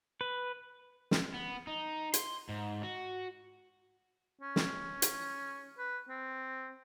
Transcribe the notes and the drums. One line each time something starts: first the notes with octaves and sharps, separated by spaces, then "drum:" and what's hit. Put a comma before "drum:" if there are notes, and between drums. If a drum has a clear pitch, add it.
B4
drum: snare
B3
D#4
C6, drum: hi-hat
G#2
F#4
C#4
drum: snare
drum: hi-hat
B4
C4